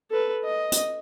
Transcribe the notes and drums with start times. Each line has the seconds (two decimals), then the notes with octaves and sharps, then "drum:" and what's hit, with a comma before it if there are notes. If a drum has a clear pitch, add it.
0.11 A4 B4
0.44 D#5
0.72 drum: hi-hat